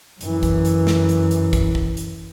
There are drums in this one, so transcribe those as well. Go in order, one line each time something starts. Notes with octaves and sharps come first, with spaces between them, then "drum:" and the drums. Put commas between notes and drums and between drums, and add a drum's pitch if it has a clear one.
F#2 E3, drum: hi-hat
drum: kick, hi-hat
drum: hi-hat
drum: snare
drum: hi-hat
drum: hi-hat
drum: kick, hi-hat
drum: kick
drum: hi-hat